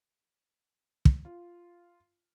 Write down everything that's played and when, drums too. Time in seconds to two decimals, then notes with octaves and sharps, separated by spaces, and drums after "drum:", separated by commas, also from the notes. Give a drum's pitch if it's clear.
1.05 drum: kick
1.25 F4